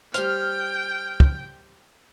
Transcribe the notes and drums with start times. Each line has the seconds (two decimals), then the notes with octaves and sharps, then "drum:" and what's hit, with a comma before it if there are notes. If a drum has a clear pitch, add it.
0.14 G3 C5 G5 F6, drum: hi-hat
1.20 drum: kick